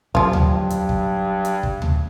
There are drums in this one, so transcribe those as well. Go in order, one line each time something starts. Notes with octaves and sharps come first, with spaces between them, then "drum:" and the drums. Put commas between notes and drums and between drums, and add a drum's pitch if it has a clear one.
G2 F3 F#3 F4, drum: kick
drum: tom D2
drum: hi-hat
drum: kick
drum: hi-hat
drum: kick
drum: tom D2